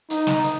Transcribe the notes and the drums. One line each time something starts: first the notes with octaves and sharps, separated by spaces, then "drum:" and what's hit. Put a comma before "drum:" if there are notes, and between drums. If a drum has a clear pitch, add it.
D#4, drum: hi-hat
drum: snare
drum: hi-hat